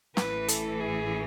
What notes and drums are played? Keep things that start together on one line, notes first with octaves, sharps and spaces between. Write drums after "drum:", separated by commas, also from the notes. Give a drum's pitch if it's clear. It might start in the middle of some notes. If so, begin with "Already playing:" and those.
A1 A2 E3 B4, drum: snare
A4, drum: hi-hat
G#4